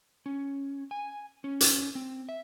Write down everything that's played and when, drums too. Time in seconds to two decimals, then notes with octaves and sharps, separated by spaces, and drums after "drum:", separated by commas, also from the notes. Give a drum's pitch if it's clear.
0.26 C#4
0.91 G#5
1.44 C#4
1.61 drum: hi-hat
1.95 C4
2.29 E5